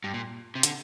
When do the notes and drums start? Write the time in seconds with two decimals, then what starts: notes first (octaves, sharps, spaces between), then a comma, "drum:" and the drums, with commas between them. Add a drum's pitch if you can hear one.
0.04 G2
0.14 A#2
0.55 C3
0.63 D3, drum: hi-hat